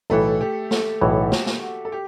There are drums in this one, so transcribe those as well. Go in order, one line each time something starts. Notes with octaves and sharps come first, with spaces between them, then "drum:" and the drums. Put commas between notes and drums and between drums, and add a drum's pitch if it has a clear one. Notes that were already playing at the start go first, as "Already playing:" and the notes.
B1 A2 E3 A3 A4
G4
A3 A4, drum: snare
B1 A2 E3 F#4
F#4
G4, drum: snare
drum: snare
F#4
A4
G4